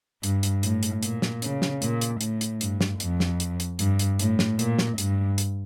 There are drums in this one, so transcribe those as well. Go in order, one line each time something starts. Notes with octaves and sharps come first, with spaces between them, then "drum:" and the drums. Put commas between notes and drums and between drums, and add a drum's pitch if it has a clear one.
G2, drum: hi-hat
drum: hi-hat
A2, drum: hi-hat
drum: hi-hat
A#2, drum: hi-hat
drum: snare
C#3, drum: hi-hat
drum: snare
A#2, drum: hi-hat
drum: hi-hat
A2, drum: hi-hat
drum: hi-hat
G2, drum: hi-hat
drum: snare
F2, drum: hi-hat
drum: snare
drum: hi-hat
drum: hi-hat
G2, drum: hi-hat
drum: hi-hat
A2, drum: hi-hat
drum: snare
A#2, drum: hi-hat
drum: snare
G2, drum: hi-hat
drum: hi-hat